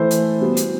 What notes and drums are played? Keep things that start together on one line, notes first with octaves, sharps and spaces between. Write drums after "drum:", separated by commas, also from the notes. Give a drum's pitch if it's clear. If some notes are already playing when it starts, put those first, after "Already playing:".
Already playing: E3 A3 E4 A4 C5
drum: hi-hat
B2 G3 B3
drum: hi-hat